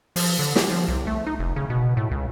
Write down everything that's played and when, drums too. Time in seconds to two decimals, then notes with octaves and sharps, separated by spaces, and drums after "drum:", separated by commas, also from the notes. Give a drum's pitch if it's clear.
0.16 F3, drum: open hi-hat
0.39 D3
0.56 G4, drum: snare
0.71 F3
0.88 C2
1.07 A3
1.27 D#4
1.39 F1
1.56 C#3
1.70 B2
1.97 A2
2.11 C#2